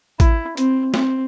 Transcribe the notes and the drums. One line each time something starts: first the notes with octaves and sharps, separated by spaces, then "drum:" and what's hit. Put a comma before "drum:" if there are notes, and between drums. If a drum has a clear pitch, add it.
E4, drum: kick, hi-hat
C4, drum: hi-hat
C4, drum: snare